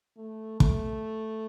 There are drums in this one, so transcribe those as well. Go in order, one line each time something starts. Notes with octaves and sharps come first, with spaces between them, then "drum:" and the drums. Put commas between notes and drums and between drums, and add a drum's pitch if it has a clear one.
A3
A3, drum: kick